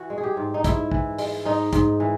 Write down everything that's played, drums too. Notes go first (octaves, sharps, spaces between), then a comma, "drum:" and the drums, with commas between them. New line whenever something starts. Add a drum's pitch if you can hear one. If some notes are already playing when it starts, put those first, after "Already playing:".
Already playing: E3 F#4
G#3
G#4
G4
G#2
D#4
G#2 E4, drum: kick, hi-hat
E3, drum: kick
G#3, drum: open hi-hat
G#2 D#4
G#2, drum: kick, hi-hat
E3